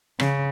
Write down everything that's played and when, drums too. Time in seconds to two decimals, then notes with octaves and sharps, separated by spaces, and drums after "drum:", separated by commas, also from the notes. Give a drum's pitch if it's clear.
0.20 C#3, drum: rim click